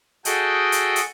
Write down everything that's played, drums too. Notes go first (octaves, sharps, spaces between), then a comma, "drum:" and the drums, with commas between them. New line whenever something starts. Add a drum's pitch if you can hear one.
F#4 G#4 A4 D#5 F#5 G5, drum: hi-hat
drum: hi-hat
drum: hi-hat